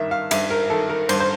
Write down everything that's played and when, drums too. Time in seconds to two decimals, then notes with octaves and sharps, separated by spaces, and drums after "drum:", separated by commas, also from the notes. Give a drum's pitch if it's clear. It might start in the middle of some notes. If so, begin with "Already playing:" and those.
Already playing: G2 D#3 E5
0.11 F5
0.31 G2 E5, drum: cymbal
0.50 A#4
0.70 D#3 A4
0.89 A#4
1.09 G2 C5, drum: cymbal
1.20 C5